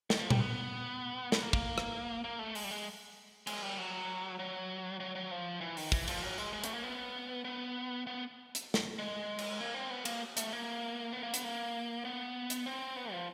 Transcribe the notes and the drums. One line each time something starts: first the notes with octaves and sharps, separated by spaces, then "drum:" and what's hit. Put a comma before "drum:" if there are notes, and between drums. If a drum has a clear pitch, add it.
D#3, drum: snare
F3
G3, drum: tom A#2
B3
B3, drum: snare
A#3
A#3, drum: kick
drum: rim click
A#3
A3
G#3, drum: open hi-hat
G3
G#3
G#3, drum: cymbal
G3
F#3
F#3
F#3
F#3
F3
E3
D#3, drum: open hi-hat
E3, drum: kick
F3, drum: cymbal
F#3
G#3, drum: tambourine
G#3
A3, drum: hi-hat
A#3
B3
B3
B3
drum: hi-hat
drum: snare
G#3
drum: cymbal
A#3
C4
B3
A#3, drum: cymbal
A3, drum: hi-hat
A#3
B3
A#3
B3, drum: hi-hat
A#3
B3
drum: hi-hat
C4
B3
F3